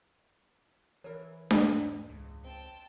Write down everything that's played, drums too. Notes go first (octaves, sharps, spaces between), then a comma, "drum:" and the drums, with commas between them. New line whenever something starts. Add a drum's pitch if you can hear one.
E3 A#4 C#5
B1 E2 G#2 G#3 D#5, drum: snare D4
C#2
C4 G5 A5